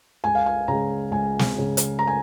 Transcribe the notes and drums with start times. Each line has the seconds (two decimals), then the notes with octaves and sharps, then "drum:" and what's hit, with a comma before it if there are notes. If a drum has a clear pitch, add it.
0.24 C#2 G#5
0.35 F5
0.46 G#5
0.68 C#3 G#3 A#5
1.11 C#2 G#5
1.39 drum: snare
1.55 C#3 G#3
1.77 drum: hi-hat
1.99 A#5
2.07 G#5